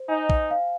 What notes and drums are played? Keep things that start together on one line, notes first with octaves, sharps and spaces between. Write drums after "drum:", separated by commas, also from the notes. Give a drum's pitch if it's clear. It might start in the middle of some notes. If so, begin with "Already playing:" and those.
Already playing: C5
D#4 G#5
drum: kick
F5